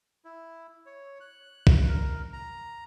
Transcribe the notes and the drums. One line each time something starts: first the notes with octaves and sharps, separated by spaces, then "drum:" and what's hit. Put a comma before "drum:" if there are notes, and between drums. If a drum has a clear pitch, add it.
E4
C#5
F#6
drum: kick
A#4
A#5